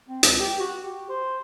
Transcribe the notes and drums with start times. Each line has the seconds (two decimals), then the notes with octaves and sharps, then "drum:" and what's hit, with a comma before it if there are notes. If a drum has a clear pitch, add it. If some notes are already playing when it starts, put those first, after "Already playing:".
0.09 C4
0.23 C#2, drum: hi-hat
0.40 G4
0.60 F#4
0.84 G4
1.09 C5